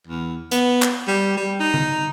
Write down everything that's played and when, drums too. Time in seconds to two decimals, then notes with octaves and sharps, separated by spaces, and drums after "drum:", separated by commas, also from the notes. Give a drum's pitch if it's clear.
0.07 E2
0.51 B3, drum: hi-hat
0.82 drum: clap
1.08 G3
1.37 G3
1.60 D#4
1.74 drum: tom D3